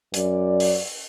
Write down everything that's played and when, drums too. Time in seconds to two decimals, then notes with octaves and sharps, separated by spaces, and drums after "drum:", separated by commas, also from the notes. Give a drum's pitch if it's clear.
0.14 F#2 F#3 D5, drum: hi-hat
0.60 drum: open hi-hat